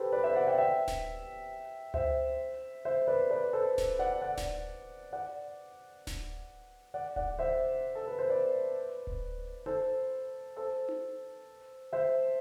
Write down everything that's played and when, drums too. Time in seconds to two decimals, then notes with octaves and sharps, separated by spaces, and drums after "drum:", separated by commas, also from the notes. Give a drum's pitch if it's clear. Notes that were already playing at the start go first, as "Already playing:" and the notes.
Already playing: G4 A4 B4 C5
0.12 B4 D5
0.24 C5 E5
0.35 D5 F#5
0.47 E5 G5
0.58 E5 G5
0.88 drum: snare D1
1.94 C5 E5, drum: tom C#2
2.85 C5 E5
3.07 B4 D5
3.30 B4 D5
3.53 A4 C5
3.78 drum: snare D1
3.99 D5 F#5
4.22 D5 F#5
4.37 drum: snare D1
5.13 D5 F#5
6.07 drum: snare D1
6.94 D5 F#5
7.16 D5 F#5, drum: kick D1
7.39 C5 E5
7.95 A4
8.07 B4
8.19 C5
8.29 B4 D5
9.07 drum: kick D1
9.66 A4 C5, drum: tom D#4
10.56 A4 C5
10.89 drum: tom D#4
11.93 C5 E5